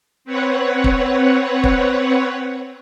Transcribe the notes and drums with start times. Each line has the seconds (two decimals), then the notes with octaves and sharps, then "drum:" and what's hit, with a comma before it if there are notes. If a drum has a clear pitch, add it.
0.25 C4 B4 C#5 F#5
0.84 drum: kick
1.64 drum: kick